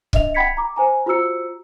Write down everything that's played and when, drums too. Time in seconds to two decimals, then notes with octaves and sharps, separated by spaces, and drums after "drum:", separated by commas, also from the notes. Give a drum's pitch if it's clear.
0.13 D4 D#5 E5 F7, drum: kick
0.34 F#5 G5 B5 G#6 B6 C#7
0.57 A#5 D6
0.76 C5 G#5 A#5
1.06 F4 F#4 C5 A#5 E6 C#7